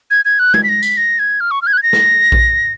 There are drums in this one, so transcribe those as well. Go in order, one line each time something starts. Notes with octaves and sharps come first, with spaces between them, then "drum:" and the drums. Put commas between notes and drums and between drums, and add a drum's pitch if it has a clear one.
G#6
G#6
F#6
G#6, drum: tom G#3
B6
A#6
B6, drum: tambourine
A#6
G#6
F6
C#6
F6
G#6
F#6
G#6
A#6
drum: snare
drum: kick A#1